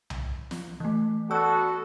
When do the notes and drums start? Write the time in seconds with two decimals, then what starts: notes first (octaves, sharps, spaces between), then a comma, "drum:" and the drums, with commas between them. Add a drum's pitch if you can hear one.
0.10 drum: tom C2
0.51 drum: snare
0.80 E3 A3
1.31 B3 F#4 A4 D5 E6